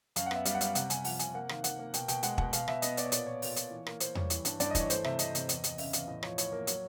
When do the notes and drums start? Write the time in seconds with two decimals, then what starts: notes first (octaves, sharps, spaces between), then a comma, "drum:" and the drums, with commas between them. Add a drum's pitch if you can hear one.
0.16 F#2 F5, drum: hi-hat
0.26 F#5
0.31 B3 E5, drum: rim click
0.45 G3 F5, drum: hi-hat
0.55 F#5
0.61 G3 F5, drum: hi-hat
0.75 C3 F#5, drum: hi-hat
0.90 C3 G#5, drum: hi-hat
1.04 F3 F#5, drum: open hi-hat
1.19 C3 G#5, drum: hi-hat
1.34 A#3 F#5
1.49 D#3 F5, drum: rim click
1.64 D#3 F#5, drum: hi-hat
1.79 A#3
1.94 B2 G5, drum: hi-hat
2.08 B2 G5, drum: hi-hat
2.23 G#3 F#5, drum: hi-hat
2.38 B2 F#5, drum: kick
2.53 B2 F5, drum: hi-hat
2.68 B2 E5, drum: rim click
2.82 B3 D#5, drum: hi-hat
2.97 B3 D5, drum: hi-hat
3.05 C#5
3.12 A#2 D5, drum: hi-hat
3.27 A#2 C#5
3.42 A#2, drum: open hi-hat
3.56 A#2, drum: hi-hat
3.71 E3
3.86 A#3, drum: rim click
4.00 A#3 C5, drum: hi-hat
4.15 G3 C#5, drum: tom E2
4.30 E3, drum: hi-hat
4.45 G2, drum: hi-hat
4.60 G2 D5, drum: hi-hat
4.71 D#5
4.75 E3, drum: kick, hi-hat
4.80 C#5
4.90 A3 C5, drum: hi-hat
5.04 C3 E5, drum: rim click
5.19 C3 D#5, drum: hi-hat
5.35 C3, drum: hi-hat
5.49 E2, drum: hi-hat
5.64 E2 D#5, drum: hi-hat
5.78 C#3 E5, drum: open hi-hat
5.93 E2 F5, drum: hi-hat
6.08 A2 D#5
6.23 F3 C#5, drum: rim click
6.38 A2 C#5, drum: hi-hat
6.52 A#3
6.67 F#3, drum: hi-hat